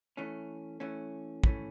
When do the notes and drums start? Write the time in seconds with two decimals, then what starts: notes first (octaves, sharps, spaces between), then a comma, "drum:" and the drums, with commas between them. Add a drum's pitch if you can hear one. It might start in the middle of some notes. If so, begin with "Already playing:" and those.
0.17 E3 A3 C#4
0.80 E3 A3 C#4
1.44 E3 A3 C#4, drum: kick